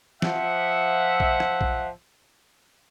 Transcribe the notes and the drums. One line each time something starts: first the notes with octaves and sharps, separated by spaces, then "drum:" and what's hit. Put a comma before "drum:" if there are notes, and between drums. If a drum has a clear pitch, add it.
F3 E5 F#5, drum: snare
drum: kick B1
drum: rim click
drum: kick B1